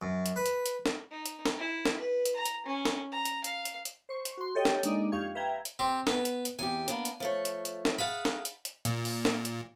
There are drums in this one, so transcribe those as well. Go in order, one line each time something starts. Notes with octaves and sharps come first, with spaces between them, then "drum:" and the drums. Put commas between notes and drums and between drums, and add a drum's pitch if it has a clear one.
F#2
drum: hi-hat
B4
drum: hi-hat
drum: hi-hat
drum: snare
D#4
drum: hi-hat
drum: snare
E4
drum: snare
B4
drum: hi-hat
A#5
drum: hi-hat
C#4
drum: snare
A#5
drum: hi-hat
F5, drum: hi-hat
drum: hi-hat
drum: hi-hat
C5 C#6
drum: hi-hat
F#4 C6
G4 A4 C#5 D#5 G5
drum: snare
G#3 A#3 D4 D#4 D5 D#5, drum: hi-hat
F2 G4 F5 C#6 G#6
B4 E5 F5 G5 A#5 G#6
drum: hi-hat
C4 G4
B3, drum: snare
drum: hi-hat
drum: hi-hat
E2 C3 G4 G#5
A#3 B3 D4, drum: hi-hat
drum: hi-hat
F3 A3 C#5
drum: hi-hat
drum: hi-hat
drum: snare
G#4 F5 F#5 A5 B5
drum: snare
drum: hi-hat
drum: hi-hat
A#2, drum: hi-hat
drum: open hi-hat
drum: snare
drum: hi-hat